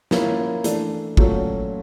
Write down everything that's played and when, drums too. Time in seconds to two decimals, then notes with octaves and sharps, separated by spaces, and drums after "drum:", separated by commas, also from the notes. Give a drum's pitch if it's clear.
0.11 F3 A#3 C#4 E4, drum: snare
0.64 E3 A3 D4, drum: hi-hat
1.17 A#2 F#3 A3 C#4, drum: kick